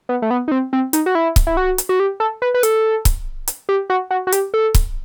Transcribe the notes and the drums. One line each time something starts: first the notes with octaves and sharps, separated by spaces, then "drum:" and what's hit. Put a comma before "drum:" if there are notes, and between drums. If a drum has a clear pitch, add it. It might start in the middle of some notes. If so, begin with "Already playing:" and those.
B3
A3
B3
D#4
C4
C4
D#4, drum: hi-hat
F#4
E4
drum: kick C#1, hi-hat
E4
F#4
drum: hi-hat
F#4
G4
A4
B4
B4
A4, drum: hi-hat
drum: kick C#1, hi-hat
drum: hi-hat
G4
F#4
F#4
F#4
G4, drum: hi-hat
A4
drum: kick C#1, hi-hat